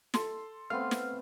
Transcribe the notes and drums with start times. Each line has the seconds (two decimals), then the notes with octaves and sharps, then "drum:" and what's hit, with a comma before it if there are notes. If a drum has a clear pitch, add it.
0.14 A4 C6, drum: snare
0.70 A3 B3 C4 F5 F6
0.91 drum: snare